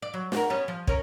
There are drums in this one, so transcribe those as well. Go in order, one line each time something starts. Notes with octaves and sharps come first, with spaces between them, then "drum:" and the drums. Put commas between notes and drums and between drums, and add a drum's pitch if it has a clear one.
D5
F#3
F#4 A#4, drum: snare
G3 B3 C#4
F3
C#4 A#4, drum: kick